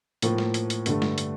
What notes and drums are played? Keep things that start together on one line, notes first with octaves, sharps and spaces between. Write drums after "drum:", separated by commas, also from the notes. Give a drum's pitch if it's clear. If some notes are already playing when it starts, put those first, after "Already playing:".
A2 F3 A#3, drum: hi-hat
drum: snare A3
drum: hi-hat
drum: hi-hat
G2 D3 A3, drum: hi-hat
drum: snare A3
drum: hi-hat